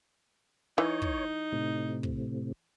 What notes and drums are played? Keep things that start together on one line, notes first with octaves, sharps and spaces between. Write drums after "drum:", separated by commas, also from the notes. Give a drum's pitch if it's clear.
E3 D#4 C#5
drum: kick
A2 C3
drum: kick